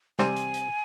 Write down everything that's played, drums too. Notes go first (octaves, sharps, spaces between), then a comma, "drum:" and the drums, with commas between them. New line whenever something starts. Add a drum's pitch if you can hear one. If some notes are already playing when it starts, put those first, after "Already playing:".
C3 G3 C4 G#5, drum: snare
drum: hi-hat
drum: hi-hat